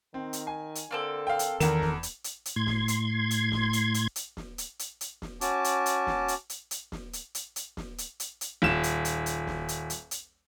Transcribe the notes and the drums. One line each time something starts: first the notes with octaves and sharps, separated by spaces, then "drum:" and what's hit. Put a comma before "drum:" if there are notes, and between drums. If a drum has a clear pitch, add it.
D#3 C4
drum: hi-hat
G#5
drum: hi-hat
D3 A#3 C4 A4
F5 G5
drum: hi-hat
E2 D#3 A#4 E7, drum: hi-hat
drum: snare
drum: hi-hat
drum: hi-hat
drum: hi-hat
A2 C6 G#6
drum: snare
drum: hi-hat
drum: hi-hat
drum: snare
drum: hi-hat
drum: hi-hat
drum: hi-hat
drum: snare
drum: hi-hat
drum: hi-hat
drum: hi-hat
drum: snare
C#4 F#4 A5 D6, drum: hi-hat
drum: hi-hat
drum: hi-hat
drum: snare
drum: hi-hat
drum: hi-hat
drum: hi-hat
drum: snare
drum: hi-hat
drum: hi-hat
drum: hi-hat
drum: snare
drum: hi-hat
drum: hi-hat
drum: hi-hat
D#1 E7, drum: snare
drum: hi-hat
drum: hi-hat
drum: hi-hat
drum: snare
drum: hi-hat
drum: hi-hat
drum: hi-hat